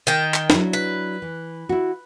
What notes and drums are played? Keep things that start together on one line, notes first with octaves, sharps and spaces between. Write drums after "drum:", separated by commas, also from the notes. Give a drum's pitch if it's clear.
D#3 G5
drum: clap
F#3 D4 E4, drum: snare
B4
E3
E4 F#4